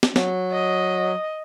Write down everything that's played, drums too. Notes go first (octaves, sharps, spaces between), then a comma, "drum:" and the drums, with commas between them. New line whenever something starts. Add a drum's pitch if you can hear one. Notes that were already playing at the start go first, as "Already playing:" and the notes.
drum: snare
F#3, drum: snare
D#5